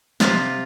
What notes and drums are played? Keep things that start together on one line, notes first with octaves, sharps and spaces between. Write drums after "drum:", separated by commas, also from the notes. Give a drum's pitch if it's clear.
C3 F4, drum: snare